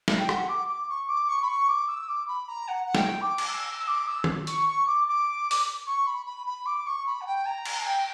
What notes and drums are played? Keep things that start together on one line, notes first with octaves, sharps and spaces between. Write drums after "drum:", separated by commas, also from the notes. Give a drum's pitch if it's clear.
drum: snare
G5
F#5, drum: rim click
D6
D6
C#6
D6
C#6
B5
C#6
D6
E6
D6
B5
A#5
F#5
F#5
G5, drum: snare
D6
drum: cymbal
E6
E6
E6
D6
E6
drum: tom D#3
C#6, drum: hi-hat
C#6
D6
D6
drum: open hi-hat
C#6
B5
B5
B5
D6
C#6
B5
F#5
G5
A#5
drum: cymbal
G5